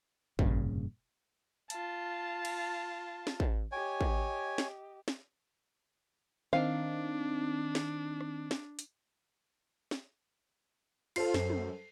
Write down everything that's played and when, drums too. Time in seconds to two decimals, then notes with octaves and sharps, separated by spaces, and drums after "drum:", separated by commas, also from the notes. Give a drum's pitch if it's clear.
0.39 F1 G2 A#2 C#3, drum: kick
1.70 F4 A5, drum: hi-hat
2.45 drum: cymbal
3.27 drum: snare
3.40 drum: kick
3.72 G4 C#5 D#5 G#5
4.01 drum: kick
4.58 drum: snare
5.08 drum: snare
6.53 D#3 C4 D4 D#4 F5
7.75 drum: snare
8.21 drum: rim click
8.51 drum: snare
8.79 drum: hi-hat
9.91 drum: snare
11.16 F4 A4 C5 C7, drum: cymbal
11.34 F#2, drum: snare
11.50 drum: tom